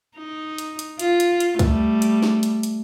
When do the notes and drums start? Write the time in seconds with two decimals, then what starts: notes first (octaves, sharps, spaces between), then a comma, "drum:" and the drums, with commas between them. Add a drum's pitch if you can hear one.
0.16 D#4
0.58 drum: hi-hat
0.79 drum: hi-hat
0.99 F4, drum: hi-hat
1.20 drum: hi-hat
1.40 drum: hi-hat
1.59 G3 A3, drum: kick, hi-hat
2.02 drum: hi-hat
2.22 drum: snare
2.43 drum: hi-hat
2.63 drum: hi-hat